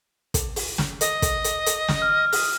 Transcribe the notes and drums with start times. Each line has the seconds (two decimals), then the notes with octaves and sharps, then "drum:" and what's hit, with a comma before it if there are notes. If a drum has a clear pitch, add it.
0.34 drum: kick, hi-hat
0.56 drum: open hi-hat
0.78 drum: snare
1.01 D#5, drum: hi-hat
1.22 drum: kick, hi-hat
1.44 drum: hi-hat
1.66 drum: hi-hat
1.88 drum: snare
2.02 F6
2.32 D#6, drum: open hi-hat